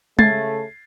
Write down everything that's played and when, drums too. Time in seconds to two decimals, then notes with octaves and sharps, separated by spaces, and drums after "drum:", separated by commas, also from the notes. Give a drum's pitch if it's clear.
0.19 C#3 A3 G#6 A6 C7, drum: tom G#3